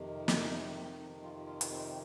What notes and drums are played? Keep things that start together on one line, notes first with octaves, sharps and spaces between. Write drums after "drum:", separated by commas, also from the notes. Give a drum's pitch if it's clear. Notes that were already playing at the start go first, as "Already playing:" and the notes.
Already playing: F2 C3 D#3
A#3, drum: snare
C4
D#4
F4
F4
drum: hi-hat
C4